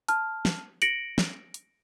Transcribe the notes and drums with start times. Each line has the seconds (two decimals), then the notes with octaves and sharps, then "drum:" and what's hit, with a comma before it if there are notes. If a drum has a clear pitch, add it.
0.08 A5 F6, drum: hi-hat
0.45 drum: snare
0.82 A#6 C#7 D7 F#7, drum: hi-hat
1.18 drum: snare
1.54 drum: hi-hat